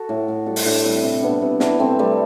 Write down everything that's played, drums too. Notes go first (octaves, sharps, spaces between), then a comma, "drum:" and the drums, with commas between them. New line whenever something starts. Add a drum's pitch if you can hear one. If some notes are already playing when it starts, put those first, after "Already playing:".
Already playing: F#4 A4
A2
A2
G3 F#4 A4
drum: open hi-hat
A2 D4 F#4
G3 C4 E4
C3
C3 B3 D4
C3
E3 B3 D4, drum: snare
C3 A3 C4
G3 A3